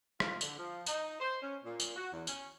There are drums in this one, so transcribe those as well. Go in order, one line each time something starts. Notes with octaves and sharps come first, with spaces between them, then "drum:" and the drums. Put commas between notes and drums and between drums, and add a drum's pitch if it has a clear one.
F4, drum: rim click
D3, drum: tambourine
F3
D#4, drum: tambourine
C5
C#4
A#2
drum: tambourine
F#4
E2
C#4, drum: tambourine